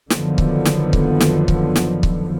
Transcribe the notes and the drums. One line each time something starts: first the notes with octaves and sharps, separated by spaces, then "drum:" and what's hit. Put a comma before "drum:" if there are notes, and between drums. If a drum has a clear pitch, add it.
F#1 D3 D#3 F3 F#3 B3, drum: snare
drum: kick C#1
drum: snare
drum: kick C#1
drum: snare
drum: kick C#1
drum: snare
drum: kick C#1